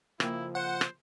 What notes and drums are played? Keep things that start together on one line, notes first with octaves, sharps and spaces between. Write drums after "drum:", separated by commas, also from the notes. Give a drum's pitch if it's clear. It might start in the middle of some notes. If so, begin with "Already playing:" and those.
C#3 F3 A#3 E4 G5, drum: rim click
C5 F#5
drum: rim click